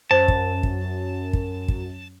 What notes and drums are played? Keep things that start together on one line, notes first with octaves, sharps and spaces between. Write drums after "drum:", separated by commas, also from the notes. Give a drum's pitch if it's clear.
F#2 C5 A5
drum: kick
drum: kick
drum: kick
drum: kick